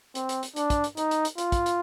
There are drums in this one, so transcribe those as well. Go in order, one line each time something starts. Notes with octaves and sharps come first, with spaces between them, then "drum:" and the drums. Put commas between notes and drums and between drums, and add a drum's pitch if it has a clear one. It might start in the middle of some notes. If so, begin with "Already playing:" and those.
C4, drum: hi-hat
drum: hi-hat
drum: hi-hat
D4, drum: hi-hat
drum: kick, hi-hat
drum: hi-hat
D#4, drum: hi-hat
drum: hi-hat
drum: hi-hat
F4, drum: hi-hat
drum: kick, hi-hat
drum: hi-hat